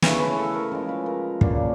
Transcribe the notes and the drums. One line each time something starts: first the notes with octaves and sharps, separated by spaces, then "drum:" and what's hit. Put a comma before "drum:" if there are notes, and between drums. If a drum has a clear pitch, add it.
C#3 E3 A3 B4, drum: snare
B4
A4
A#4
C#3 F3 G#3 A#4
B4
A#4
C#3 F#3 A#3 D4, drum: kick